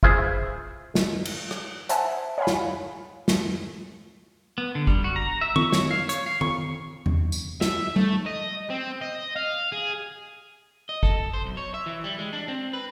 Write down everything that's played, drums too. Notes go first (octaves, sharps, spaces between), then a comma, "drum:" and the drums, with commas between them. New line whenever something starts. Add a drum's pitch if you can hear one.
E4 F4 G#4 C5, drum: kick
drum: snare
drum: cymbal
drum: rim click
C5 E5 F#5 G#5 A5, drum: hi-hat
C#5 F5 F#5 G#5 B5
drum: snare
drum: snare
B3
D3
G3, drum: kick
F#4
A#5
E5
C#6, drum: tom D#3
C#5, drum: snare
F5
C#5, drum: hi-hat
F5
C#6, drum: tom D#3
drum: tom E2
drum: tambourine
E5, drum: snare
A3, drum: tom G3
D#5
C4
D#5
F5
G#4
D#5
A4, drum: kick
C5
B1
C#5
E5
E3
G3
G#3
D4
C4
B4